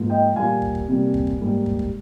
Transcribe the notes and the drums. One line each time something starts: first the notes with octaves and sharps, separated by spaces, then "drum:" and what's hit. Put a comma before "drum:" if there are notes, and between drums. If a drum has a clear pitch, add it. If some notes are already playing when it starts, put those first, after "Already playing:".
Already playing: G#2 F3 A#3
D#5 G5
A#2 G3 A#3 F5 G#5
drum: kick
drum: kick
C3 G3 A#3
drum: kick
drum: kick
G#2 G3 A#3
drum: kick
drum: kick